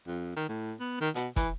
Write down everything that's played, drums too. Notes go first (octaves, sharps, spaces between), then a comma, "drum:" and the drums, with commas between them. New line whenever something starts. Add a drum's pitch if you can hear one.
F2
D#3
A2
B3
D#3
B2, drum: hi-hat
E3, drum: kick, hi-hat